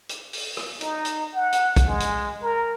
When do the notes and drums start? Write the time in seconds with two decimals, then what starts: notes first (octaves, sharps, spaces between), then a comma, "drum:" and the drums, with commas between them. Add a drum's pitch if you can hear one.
0.09 drum: hi-hat
0.33 drum: open hi-hat
0.57 drum: rim click
0.81 D#4, drum: hi-hat
1.05 drum: hi-hat
1.35 F#5
1.53 drum: hi-hat
1.76 drum: kick, hi-hat
1.87 G#3
2.00 drum: hi-hat
2.42 A#4